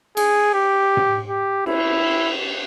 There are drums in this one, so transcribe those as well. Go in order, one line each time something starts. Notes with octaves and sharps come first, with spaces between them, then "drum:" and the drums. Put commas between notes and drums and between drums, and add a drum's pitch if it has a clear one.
G#4, drum: cymbal
G4
drum: tom
G4
E4, drum: cymbal